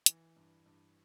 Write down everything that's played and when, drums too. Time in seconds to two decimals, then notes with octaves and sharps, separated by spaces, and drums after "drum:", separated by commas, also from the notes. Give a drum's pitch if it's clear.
0.06 E3, drum: hi-hat
0.36 G2
0.66 G2